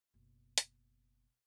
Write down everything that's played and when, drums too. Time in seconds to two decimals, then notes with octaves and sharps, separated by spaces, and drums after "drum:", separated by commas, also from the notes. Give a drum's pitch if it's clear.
0.14 F#1 B2
0.58 drum: hi-hat